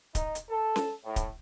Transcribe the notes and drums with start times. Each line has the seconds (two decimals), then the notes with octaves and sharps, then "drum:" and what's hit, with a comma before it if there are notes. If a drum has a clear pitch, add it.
0.15 D#4, drum: kick D1, hi-hat
0.35 drum: hi-hat
0.50 A4
0.76 drum: snare C#4
1.04 A2
1.16 drum: kick D1, hi-hat